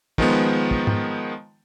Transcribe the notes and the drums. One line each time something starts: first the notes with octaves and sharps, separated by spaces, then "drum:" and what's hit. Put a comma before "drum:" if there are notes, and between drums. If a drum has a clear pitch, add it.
D#3 F3 G#3 B3, drum: kick
drum: kick
drum: tom G#2